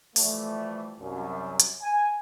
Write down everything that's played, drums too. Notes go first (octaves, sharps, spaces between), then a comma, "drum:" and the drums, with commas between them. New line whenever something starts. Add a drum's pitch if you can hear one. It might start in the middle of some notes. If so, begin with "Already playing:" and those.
E3 F3 G3 A3, drum: open hi-hat
C2 F#2
drum: hi-hat
G#5